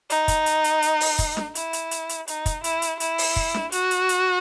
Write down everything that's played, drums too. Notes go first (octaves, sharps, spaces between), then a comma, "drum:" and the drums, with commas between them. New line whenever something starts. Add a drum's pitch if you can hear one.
D#4, drum: hi-hat
drum: kick, hi-hat
drum: hi-hat
drum: hi-hat
drum: hi-hat
drum: open hi-hat
drum: kick, hi-hat
drum: snare D4
E4, drum: hi-hat
drum: hi-hat
drum: hi-hat
drum: hi-hat
D#4, drum: hi-hat
drum: kick, hi-hat
E4, drum: hi-hat
drum: hi-hat
E4, drum: hi-hat
drum: open hi-hat
drum: kick
drum: snare D4
F#4, drum: hi-hat
drum: hi-hat
drum: hi-hat